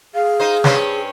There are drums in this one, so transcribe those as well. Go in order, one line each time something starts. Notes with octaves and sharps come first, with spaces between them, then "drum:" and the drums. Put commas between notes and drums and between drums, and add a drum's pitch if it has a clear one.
G#4 F5
D#4 C5
G2 C#4 C5, drum: snare